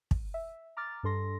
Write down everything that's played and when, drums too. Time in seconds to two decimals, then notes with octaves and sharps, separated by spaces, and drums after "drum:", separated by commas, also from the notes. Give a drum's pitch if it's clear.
0.11 drum: kick
0.34 E5
0.77 A#5 D6 F6 A6
1.03 G2 D4 A4 C6 A#6